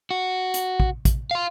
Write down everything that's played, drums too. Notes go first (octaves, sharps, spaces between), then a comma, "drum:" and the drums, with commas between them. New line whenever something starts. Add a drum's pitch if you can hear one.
F#4
drum: hi-hat
drum: kick
drum: kick, hi-hat
F5 C6